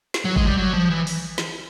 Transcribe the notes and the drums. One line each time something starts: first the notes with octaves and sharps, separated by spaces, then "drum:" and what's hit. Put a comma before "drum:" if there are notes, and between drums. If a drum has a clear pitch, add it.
drum: snare
F#3
G#3, drum: kick G#1
G3
F#3
F3
E3
drum: open hi-hat
drum: snare